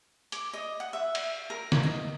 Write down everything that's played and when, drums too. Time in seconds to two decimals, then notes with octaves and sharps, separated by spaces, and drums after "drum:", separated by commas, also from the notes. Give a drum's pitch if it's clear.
0.32 D6, drum: hi-hat
0.53 D#5
0.80 F#5
0.93 E5
1.15 drum: cymbal
1.50 A#4
1.72 drum: snare
1.83 D#5